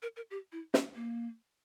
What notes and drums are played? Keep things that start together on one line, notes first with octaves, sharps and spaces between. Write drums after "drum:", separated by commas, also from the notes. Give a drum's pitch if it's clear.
A#4
A#4
G4
E4
C#4, drum: snare
A#3